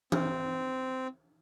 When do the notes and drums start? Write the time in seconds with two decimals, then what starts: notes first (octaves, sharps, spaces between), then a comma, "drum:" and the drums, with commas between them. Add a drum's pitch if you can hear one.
0.12 C4, drum: tom E3